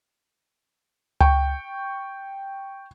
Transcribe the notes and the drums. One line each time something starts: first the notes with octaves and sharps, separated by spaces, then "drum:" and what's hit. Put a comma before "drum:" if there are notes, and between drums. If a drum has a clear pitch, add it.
G5 C#6, drum: tom C#2